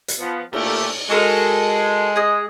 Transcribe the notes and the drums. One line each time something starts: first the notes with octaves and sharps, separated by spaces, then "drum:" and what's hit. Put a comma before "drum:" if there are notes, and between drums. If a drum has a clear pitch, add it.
drum: hi-hat
F3 B3
A#2 A3 G4, drum: cymbal
G#3 F#4 A4 A#4
G#4 D#5